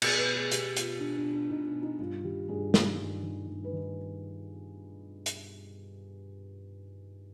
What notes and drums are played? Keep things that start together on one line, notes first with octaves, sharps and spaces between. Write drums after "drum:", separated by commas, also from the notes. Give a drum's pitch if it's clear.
B2 G#4, drum: cymbal
B4
G#4
B2 G4, drum: hi-hat
F4, drum: hi-hat
B2 D4
D4
D4
B2 D#4
D4
D#4
G2 F4
D#3 G4
G2 G#4
D#3, drum: snare
G2
D#3
G2
B4
D#3
drum: hi-hat